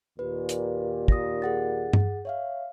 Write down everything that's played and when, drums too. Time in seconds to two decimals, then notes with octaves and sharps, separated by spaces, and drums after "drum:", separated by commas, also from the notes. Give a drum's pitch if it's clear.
0.19 D#2 A#2 B4
0.49 drum: hi-hat
1.08 D#6 A#6, drum: kick
1.42 G#4 F#5 A6
1.93 drum: tom G2
2.25 C#5 E5 F5